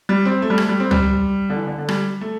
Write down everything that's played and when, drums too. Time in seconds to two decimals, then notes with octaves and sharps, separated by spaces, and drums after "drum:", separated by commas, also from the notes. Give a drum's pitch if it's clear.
0.09 G3
0.25 C4
0.42 A3
0.50 G3
0.58 A3, drum: rim click
0.69 G3
0.80 C4
0.91 G3, drum: tom
1.50 D3
1.56 E3
1.67 D3
1.78 D3
1.88 G3, drum: rim click
2.21 A3